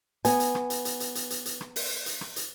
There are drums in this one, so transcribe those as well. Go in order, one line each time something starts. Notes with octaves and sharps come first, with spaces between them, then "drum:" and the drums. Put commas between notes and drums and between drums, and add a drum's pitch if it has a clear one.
B3 G#5, drum: hi-hat
drum: hi-hat
drum: rim click
drum: hi-hat
drum: hi-hat
drum: hi-hat
drum: hi-hat
drum: hi-hat
drum: hi-hat
drum: rim click
drum: open hi-hat
drum: hi-hat
drum: rim click
drum: hi-hat